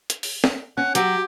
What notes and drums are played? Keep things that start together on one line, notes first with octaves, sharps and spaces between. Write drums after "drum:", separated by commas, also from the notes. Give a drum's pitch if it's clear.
drum: hi-hat
drum: open hi-hat
drum: snare
C#4 F#5
F#3 G4, drum: hi-hat